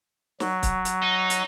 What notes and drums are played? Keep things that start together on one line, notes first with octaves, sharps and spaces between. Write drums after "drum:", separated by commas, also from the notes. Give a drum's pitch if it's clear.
F#3, drum: snare
drum: kick C#1, hi-hat
drum: hi-hat
D#4
drum: hi-hat